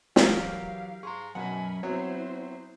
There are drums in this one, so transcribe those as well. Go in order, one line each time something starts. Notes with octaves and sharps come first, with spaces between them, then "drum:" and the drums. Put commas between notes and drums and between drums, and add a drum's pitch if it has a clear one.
E3 F#3 G4 A#4 F5, drum: snare
G#4 A#5 C6 C#6
B2 F#3 C#4 A#4 F#5 G#5 B5
F#3 B3 C4 E4 C5 C#5 E5